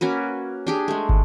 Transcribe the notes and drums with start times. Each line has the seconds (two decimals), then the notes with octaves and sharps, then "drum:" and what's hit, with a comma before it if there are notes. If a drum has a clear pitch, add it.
0.01 A#3 C#4 F#4 B4
0.67 D4 G4 G#4
0.88 G#3 A3
1.09 drum: kick